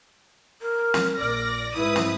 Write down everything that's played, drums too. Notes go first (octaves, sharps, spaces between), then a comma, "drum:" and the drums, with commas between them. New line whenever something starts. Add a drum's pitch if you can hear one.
A#4
drum: snare
A#1 D5 A#6
G#2 E4 B4 D#6
drum: snare